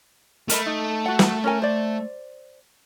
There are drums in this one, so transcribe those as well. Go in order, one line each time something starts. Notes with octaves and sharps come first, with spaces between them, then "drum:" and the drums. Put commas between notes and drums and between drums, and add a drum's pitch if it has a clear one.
A3 A#4 D#5 B5, drum: hi-hat
D#4
F#4 F#5
drum: snare
C#4 A#4 G#5
C5 D5